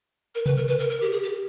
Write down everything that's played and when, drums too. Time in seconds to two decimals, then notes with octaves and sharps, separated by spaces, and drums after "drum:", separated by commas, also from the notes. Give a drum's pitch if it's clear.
0.35 A#4
0.46 B4, drum: tom C3
0.57 A#4
0.68 B4
0.79 A#4
0.90 A#4
1.01 G4
1.12 G#4
1.23 G4